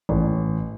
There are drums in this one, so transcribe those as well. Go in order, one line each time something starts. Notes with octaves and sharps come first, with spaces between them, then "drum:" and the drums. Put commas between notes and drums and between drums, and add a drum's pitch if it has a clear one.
A1, drum: kick